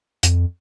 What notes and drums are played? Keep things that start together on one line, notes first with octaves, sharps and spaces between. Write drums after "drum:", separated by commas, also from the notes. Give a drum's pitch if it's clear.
F2, drum: hi-hat